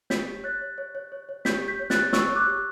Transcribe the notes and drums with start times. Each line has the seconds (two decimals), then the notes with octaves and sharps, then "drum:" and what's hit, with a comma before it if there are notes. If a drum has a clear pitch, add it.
0.10 C#5 G6 B6, drum: snare
0.28 G4
0.44 C#5 F#6 A6
0.61 C#5
0.78 C#5
0.95 C#5
1.12 C#5
1.29 C#5
1.45 G4 G6 B6, drum: snare
1.62 G4
1.68 G6 B6
1.79 C#5
1.90 F#6 A6, drum: snare
1.96 G4
2.13 C#5 C#6 E6, drum: snare
2.30 C#5
2.36 D6 F#6
2.47 G4